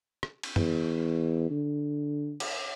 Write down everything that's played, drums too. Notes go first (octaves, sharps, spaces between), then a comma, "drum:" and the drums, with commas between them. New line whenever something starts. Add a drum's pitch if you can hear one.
drum: rim click
drum: cymbal
E2, drum: tom
D3
drum: cymbal